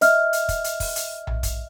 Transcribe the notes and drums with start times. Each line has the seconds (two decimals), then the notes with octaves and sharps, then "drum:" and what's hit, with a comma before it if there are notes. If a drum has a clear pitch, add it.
0.01 D#5 E5 F6, drum: hi-hat
0.33 drum: hi-hat
0.49 drum: kick, hi-hat
0.64 drum: hi-hat
0.80 drum: kick, open hi-hat
0.96 drum: hi-hat
1.27 drum: tom A#1
1.43 drum: kick, hi-hat